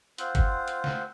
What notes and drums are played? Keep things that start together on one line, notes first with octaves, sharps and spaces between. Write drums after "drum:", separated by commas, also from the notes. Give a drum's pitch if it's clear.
C4 F4 C5 F#5, drum: hi-hat
drum: kick, hi-hat
drum: hi-hat
drum: snare